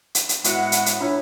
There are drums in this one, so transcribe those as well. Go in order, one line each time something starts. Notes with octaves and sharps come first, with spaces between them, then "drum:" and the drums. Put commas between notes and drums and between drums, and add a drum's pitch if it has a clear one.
drum: hi-hat
drum: hi-hat
A2 G#3 B3 E4 F#4 F#5, drum: hi-hat
drum: hi-hat
drum: hi-hat
D4 E4 F4 A#4 B4 C#5